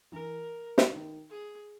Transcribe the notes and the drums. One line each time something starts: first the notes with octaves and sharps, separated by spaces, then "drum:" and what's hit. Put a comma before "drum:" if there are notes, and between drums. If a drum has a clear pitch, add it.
E3 E4 A#4
drum: snare
D#3 D#4
G#4